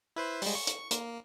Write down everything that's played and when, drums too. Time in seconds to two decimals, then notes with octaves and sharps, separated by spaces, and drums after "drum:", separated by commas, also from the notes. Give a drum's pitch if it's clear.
0.16 E4 B4 C5
0.42 G3 G#3, drum: open hi-hat
0.55 C#6
0.67 drum: hi-hat
0.91 A#3, drum: hi-hat